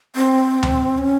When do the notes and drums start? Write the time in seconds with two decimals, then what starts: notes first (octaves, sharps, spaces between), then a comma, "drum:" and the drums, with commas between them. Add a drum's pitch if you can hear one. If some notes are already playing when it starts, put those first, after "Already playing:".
0.16 C4
0.63 drum: tom D2
0.98 C#4